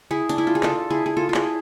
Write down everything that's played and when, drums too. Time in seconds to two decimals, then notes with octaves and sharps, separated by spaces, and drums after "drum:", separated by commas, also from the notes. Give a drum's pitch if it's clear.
0.11 E4 G#4
0.29 D4, drum: hi-hat
0.38 E4
0.47 F4
0.55 G#4
0.63 F4 A4, drum: clap
0.90 E4 G#4
1.06 G#4
1.17 F4 A4
1.29 F4
1.34 E4 G#4, drum: clap